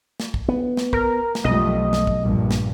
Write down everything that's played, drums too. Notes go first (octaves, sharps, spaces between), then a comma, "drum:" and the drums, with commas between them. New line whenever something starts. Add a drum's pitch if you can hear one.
drum: snare
drum: kick
B3
drum: snare
A#4, drum: kick
drum: snare
B1 F2 G3 A3 D#5
drum: snare
drum: kick
A#1 G2
drum: snare